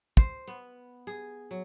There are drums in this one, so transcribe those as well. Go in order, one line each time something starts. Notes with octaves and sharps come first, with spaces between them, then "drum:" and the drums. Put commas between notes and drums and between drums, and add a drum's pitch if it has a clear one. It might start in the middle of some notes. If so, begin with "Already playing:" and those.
C5, drum: kick
B3
G#4
F#3